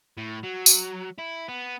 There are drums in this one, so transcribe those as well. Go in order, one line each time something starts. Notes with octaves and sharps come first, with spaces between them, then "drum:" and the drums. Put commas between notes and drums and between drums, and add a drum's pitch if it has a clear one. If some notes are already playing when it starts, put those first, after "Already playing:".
A2
F#3
drum: tambourine
E4
B3